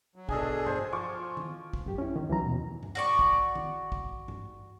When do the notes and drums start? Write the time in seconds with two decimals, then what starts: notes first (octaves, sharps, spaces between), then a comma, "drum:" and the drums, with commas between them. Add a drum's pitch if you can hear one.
0.16 F#3
0.29 B2 D4 G#4 A4 D#5 G#5, drum: kick
0.66 C5 G#5, drum: tom G2
0.92 F3 F4 C#6 D6
1.37 drum: tom D#3
1.73 drum: kick
1.86 F#2 G4
1.98 C#4 E4
2.16 D#3
2.28 D2 E3 F#3 A#5
2.42 D#2 B2
2.83 drum: tom G2
2.95 F#4 D5 C#6
3.19 drum: kick
3.55 drum: tom D#3
3.92 drum: kick
4.28 drum: tom G2